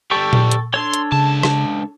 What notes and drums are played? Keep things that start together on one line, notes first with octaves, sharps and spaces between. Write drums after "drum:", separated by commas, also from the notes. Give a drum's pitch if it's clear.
D3 G3 A4 G5 C#6
drum: tom A#2
drum: hi-hat
D4 A4 C#5 C6
drum: hi-hat
C#2 C#3 A5
drum: rim click